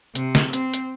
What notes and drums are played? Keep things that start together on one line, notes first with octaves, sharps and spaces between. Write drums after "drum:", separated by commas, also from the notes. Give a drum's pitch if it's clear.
C3, drum: hi-hat
drum: snare
C4, drum: hi-hat
drum: hi-hat